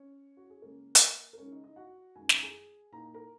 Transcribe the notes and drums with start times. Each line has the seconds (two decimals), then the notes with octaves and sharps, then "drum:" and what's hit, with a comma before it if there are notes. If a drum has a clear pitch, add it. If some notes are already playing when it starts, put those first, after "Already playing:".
Already playing: C#4 C#5
0.37 F#4
0.50 G#4
0.62 C#3 G#3 A#3 C#4 A#4
0.95 drum: hi-hat
1.33 A#4
1.38 C#3 G#3 C#4 D#4 C#5
1.51 D#4 D#5
1.64 D#4 D#5
1.76 F#4 F#5
2.15 F#2 D#3 G#3 D#4 G#5
2.29 A#5, drum: snare
2.43 G#4 G#5
2.92 A#2 A#3 D#4 A#5
3.14 A#4 A#5